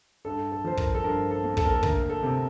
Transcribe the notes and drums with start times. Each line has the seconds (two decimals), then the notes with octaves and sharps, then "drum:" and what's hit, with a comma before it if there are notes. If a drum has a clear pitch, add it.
0.25 G2 A4
0.52 A4
0.64 F3 C5
0.77 A#4, drum: kick
0.95 A4
1.04 G2 A#4
1.31 A4
1.44 A#3
1.57 A4, drum: kick
1.65 A#4
1.74 A4
1.83 D2 A#4, drum: kick
2.10 A4
2.23 C3